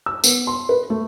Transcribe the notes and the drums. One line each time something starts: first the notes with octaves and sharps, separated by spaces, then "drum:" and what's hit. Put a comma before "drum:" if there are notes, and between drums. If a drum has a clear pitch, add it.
E6
B3, drum: tambourine
C6
B4
A3